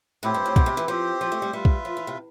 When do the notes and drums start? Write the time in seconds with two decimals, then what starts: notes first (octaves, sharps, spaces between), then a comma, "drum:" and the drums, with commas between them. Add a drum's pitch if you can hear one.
0.23 A2 C4 E4 G4 C5
0.34 G2
0.46 A2
0.56 B2, drum: kick
0.66 C3
0.77 E3
0.88 F3 C4 G4 C5
1.21 F3
1.32 A3
1.42 G3
1.53 G3 F4 B4 E5
1.65 drum: kick
1.85 F3
1.97 E3
2.07 C3